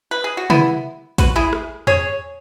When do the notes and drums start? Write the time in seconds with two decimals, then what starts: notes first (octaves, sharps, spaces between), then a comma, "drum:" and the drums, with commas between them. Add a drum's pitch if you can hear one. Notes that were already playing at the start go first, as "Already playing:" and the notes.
0.11 B4
0.24 G#4
0.37 F#4
0.50 B3 E4, drum: tom C3
1.18 F#4 B4, drum: kick, hi-hat
1.36 E4 G#4
1.53 drum: rim click
1.87 G#4 C#5, drum: tom E2